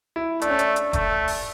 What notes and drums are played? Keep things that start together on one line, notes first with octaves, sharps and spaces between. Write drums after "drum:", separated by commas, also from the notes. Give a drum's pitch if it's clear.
E4
A3 D4, drum: hi-hat
C#4
D4, drum: hi-hat
drum: hi-hat
A3, drum: kick F1, hi-hat
drum: open hi-hat